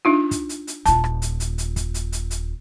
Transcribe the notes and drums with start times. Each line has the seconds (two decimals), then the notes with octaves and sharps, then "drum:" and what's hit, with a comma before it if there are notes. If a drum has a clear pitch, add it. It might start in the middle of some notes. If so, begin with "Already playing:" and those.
0.05 D4 D#4 F4
0.31 drum: kick, hi-hat
0.49 drum: hi-hat
0.67 drum: hi-hat
0.86 D#1 F4 A5, drum: hi-hat
1.04 drum: rim click
1.22 drum: hi-hat
1.40 drum: hi-hat
1.58 drum: hi-hat
1.76 drum: kick, hi-hat
1.94 drum: hi-hat
2.12 drum: hi-hat
2.31 drum: hi-hat